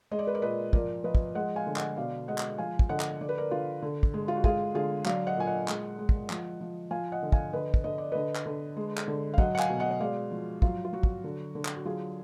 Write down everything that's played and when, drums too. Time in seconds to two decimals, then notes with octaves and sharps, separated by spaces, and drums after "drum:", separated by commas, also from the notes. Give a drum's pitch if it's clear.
0.11 G#3 D#5
0.19 D5
0.27 B4
0.34 A#4 D5
0.42 A#2 B4 D#5
0.73 F3 A#4 D5, drum: kick
1.04 F3 B4 D#5
1.15 drum: kick
1.35 G#3 D#5 F#5
1.56 F5 G#5
1.67 D3
1.76 D#5 F#5, drum: clap
1.97 B2 D5 F5
2.28 G#3 D#5 F#5
2.38 drum: clap
2.58 F3 F5 G#5
2.79 drum: kick
2.89 D3 D#5 F#5
3.00 drum: clap
3.21 D3 D5
3.29 B4
3.38 A#4 D5
3.51 D3 F4
3.82 D3
4.03 drum: kick
4.14 G#3
4.28 F4
4.36 F#4
4.44 G#3 F4 G#4, drum: kick
4.75 D3 F4 G#4
5.06 F#3 D5 F5, drum: clap
5.27 D#5 F#5
5.37 A#2 G#5
5.47 D#5 F#5
5.68 G#3, drum: clap
5.99 G#3
6.09 drum: kick
6.30 F3, drum: clap
6.61 F3
6.91 F3 F5 G#5
7.12 D#5 F#5
7.22 D3
7.32 F5 G#5, drum: kick
7.53 D3 B4 D#5
7.74 drum: kick
7.84 D3 D#5
7.98 D5
8.12 D3 B4 D#5
8.36 drum: clap
8.46 D3
8.76 G#3
8.97 drum: clap
9.08 D3
9.34 F5
9.38 F#3 D#5 F#5, drum: kick
9.55 F#5
9.59 F5 G#5, drum: clap
9.69 B2
9.80 D#5 F#5
9.91 D#5
10.00 G#3 D5 F5
10.31 F3
10.62 F#3 F4, drum: kick
10.85 F4
10.93 F#3 F#4
11.03 drum: kick
11.24 D3
11.55 D3
11.65 drum: clap
11.76 F#4
11.85 F#3 F4 G#4